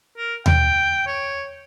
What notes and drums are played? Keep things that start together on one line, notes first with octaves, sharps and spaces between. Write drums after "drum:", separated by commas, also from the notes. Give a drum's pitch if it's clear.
A#4
G5, drum: tom D#2
C#5